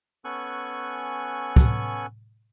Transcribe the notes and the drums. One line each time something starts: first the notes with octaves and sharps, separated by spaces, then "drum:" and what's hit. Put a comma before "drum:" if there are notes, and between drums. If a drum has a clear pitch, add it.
B3 C#4 A4 G#5 C#6 F#6
drum: kick